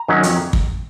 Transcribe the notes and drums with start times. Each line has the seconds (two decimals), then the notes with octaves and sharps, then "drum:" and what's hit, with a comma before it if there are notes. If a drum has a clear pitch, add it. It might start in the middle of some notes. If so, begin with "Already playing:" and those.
Already playing: A#5
0.08 D#3 F#3 C#4
0.23 F2, drum: hi-hat
0.53 drum: kick